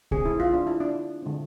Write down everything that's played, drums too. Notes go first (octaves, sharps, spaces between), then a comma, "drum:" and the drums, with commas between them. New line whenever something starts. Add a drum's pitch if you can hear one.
D3 A3 C4 G#4, drum: kick
E4
F4
D4
E4
D4
D3 G#3 C4